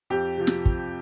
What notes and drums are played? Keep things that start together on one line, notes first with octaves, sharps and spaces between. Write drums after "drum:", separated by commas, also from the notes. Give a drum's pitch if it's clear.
F2 G4
C3 F3
drum: snare
drum: kick